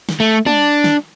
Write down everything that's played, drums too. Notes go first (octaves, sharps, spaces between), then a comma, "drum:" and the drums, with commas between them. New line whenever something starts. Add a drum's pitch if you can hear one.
drum: snare
A3
D4, drum: tom
drum: snare